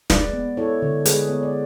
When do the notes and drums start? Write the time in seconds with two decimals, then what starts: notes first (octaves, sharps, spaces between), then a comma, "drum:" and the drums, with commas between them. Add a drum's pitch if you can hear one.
0.10 G#3 B4 D5, drum: snare
0.33 B3
0.57 E4 A4 C#5
0.82 D3
1.05 G#3 G#4 B4, drum: hi-hat
1.29 B3 C#5
1.43 D5